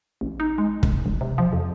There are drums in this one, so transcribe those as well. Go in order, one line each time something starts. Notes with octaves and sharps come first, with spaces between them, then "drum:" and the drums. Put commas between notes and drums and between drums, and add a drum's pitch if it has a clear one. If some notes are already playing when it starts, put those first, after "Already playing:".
A1
D#4
G#3
E1, drum: kick
E1
C3
F3
F2